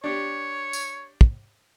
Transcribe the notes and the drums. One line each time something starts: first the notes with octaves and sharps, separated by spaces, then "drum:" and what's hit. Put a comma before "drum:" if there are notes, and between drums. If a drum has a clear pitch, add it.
D4 G4 C#5
drum: tambourine
drum: kick